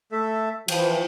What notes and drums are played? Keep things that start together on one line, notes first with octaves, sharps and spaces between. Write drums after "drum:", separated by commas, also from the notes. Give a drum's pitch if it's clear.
A3 A4 E5
E3 F3 G5, drum: cymbal